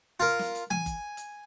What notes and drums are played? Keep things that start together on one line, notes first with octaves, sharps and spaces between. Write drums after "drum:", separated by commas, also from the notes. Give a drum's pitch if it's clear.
F4 A#4
drum: snare
drum: hi-hat
G#5, drum: tom E3
drum: kick F#1, hi-hat
drum: hi-hat